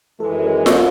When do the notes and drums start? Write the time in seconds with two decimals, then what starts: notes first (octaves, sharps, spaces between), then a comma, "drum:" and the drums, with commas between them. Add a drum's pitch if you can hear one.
0.20 F#2 D#3 E3 G#3 A4
0.66 drum: snare F4